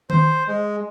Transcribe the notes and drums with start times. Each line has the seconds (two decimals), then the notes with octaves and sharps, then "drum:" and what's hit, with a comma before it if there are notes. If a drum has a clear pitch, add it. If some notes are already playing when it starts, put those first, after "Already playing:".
0.10 C5, drum: tom D#3
0.48 G#3